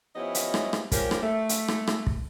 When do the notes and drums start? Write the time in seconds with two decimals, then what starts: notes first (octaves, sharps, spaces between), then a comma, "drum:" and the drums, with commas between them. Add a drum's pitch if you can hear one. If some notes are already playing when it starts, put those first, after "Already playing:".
0.16 F3 B3 C#4 E4 G4 D#5
0.35 drum: hi-hat
0.54 drum: rim click
0.73 drum: rim click
0.92 F3 G#3 C#4 G4 A#4, drum: kick, hi-hat
1.11 drum: rim click
1.22 A3
1.49 drum: hi-hat
1.68 drum: rim click
1.87 drum: rim click
2.07 drum: kick